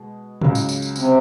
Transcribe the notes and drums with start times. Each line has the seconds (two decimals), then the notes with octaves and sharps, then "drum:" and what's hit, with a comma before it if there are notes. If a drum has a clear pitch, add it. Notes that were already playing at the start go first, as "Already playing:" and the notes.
Already playing: B2 G#3
0.41 C#2 C#3 F#3, drum: tom
0.55 drum: tambourine
0.69 drum: tambourine
0.82 drum: tambourine
0.96 C3, drum: tambourine